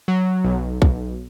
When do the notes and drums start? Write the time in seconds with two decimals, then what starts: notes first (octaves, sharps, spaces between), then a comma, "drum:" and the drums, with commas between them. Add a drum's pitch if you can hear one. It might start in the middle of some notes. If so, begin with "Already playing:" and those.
0.08 F#3
0.44 B1
0.82 B1, drum: kick B1